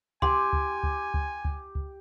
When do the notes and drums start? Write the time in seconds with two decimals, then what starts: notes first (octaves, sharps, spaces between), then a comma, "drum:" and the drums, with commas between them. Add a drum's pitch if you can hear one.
0.22 G4 G#5 C6, drum: kick C#2
0.53 drum: kick C#2
0.83 drum: kick C#2
1.14 drum: kick C#2
1.45 drum: kick C#2
1.75 drum: kick C#2